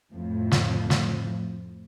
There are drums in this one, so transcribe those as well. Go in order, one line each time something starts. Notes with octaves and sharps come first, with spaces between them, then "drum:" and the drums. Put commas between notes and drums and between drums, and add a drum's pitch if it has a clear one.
F2 A2 F3
drum: snare
drum: snare